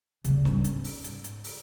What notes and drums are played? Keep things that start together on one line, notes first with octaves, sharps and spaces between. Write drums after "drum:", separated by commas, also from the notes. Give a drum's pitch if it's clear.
C#3 G3, drum: hi-hat
G#2 C#4, drum: snare
drum: hi-hat
drum: open hi-hat
drum: hi-hat
drum: hi-hat
drum: open hi-hat